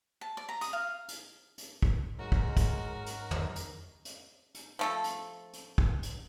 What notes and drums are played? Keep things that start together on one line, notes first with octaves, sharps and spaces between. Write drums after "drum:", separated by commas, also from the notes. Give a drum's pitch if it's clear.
A5
D5
A#5
D#6, drum: hi-hat
F5
drum: hi-hat
drum: hi-hat
drum: kick
G#2 F#3 G#3 F#4 A#4
drum: kick
drum: kick, hi-hat
drum: hi-hat
drum: tom
drum: hi-hat
drum: hi-hat
drum: hi-hat
F3 A3 A4
drum: hi-hat
drum: hi-hat
drum: kick
drum: hi-hat